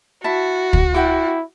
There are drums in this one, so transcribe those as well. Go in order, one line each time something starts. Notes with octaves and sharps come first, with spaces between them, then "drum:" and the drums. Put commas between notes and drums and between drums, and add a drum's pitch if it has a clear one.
E4 F#4 A5
drum: kick
E4 F#5 G5 D6